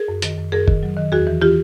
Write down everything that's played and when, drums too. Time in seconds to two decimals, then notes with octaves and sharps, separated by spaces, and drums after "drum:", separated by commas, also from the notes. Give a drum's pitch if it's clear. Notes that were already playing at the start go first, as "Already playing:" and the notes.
Already playing: G#4 A#4
0.08 F#2
0.22 D#3, drum: hi-hat
0.38 F#2
0.52 F#2 G#4 A#4
0.68 D#3, drum: kick
0.83 F#3
0.97 D#3
1.12 E2 F#4 G#4
1.27 E3
1.42 E3 F4 G4